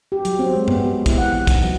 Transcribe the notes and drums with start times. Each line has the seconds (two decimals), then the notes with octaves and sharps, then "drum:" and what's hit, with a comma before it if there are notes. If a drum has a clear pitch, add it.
0.12 G4
0.25 F#3, drum: hi-hat
0.39 C4
0.56 G#3
0.68 B3, drum: tom G2
0.85 G4
1.06 E4, drum: kick, hi-hat
1.18 F#5
1.32 E3
1.47 D#4, drum: kick, hi-hat
1.63 F#3